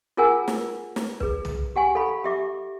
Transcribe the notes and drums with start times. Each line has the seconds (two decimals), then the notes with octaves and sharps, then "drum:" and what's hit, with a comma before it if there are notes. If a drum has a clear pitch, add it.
0.17 F4 G#4 A#4 F#5 G#5 E6
0.48 drum: snare
0.96 drum: snare
1.20 G#4 B4, drum: kick
1.45 drum: tom
1.76 G4 F#5 G#5 C#6
1.95 A4 F5 B5
2.24 G4 E5 D6